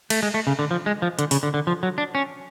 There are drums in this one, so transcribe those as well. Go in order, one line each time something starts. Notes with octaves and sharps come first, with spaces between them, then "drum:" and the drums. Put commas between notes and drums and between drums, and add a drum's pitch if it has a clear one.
A3, drum: cymbal
G#3
A3
C#3
D3
F3
G#3
F3
D3, drum: hi-hat
C#3, drum: open hi-hat
D3
D3
F3
F#3
D4
C#4